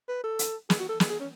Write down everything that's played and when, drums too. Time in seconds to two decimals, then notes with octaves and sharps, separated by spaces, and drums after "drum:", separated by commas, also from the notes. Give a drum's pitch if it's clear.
0.09 B4
0.24 A4
0.39 drum: hi-hat
0.70 G#4, drum: snare
0.80 F#4
0.89 A4
1.00 G#4, drum: snare
1.10 G#4
1.20 C#4